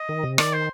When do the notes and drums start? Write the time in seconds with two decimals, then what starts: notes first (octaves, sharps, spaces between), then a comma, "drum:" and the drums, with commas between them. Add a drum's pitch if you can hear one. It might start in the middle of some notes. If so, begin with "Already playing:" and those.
Already playing: D#5
0.09 D#3
0.23 C3
0.38 D#3 D5, drum: rim click
0.53 C5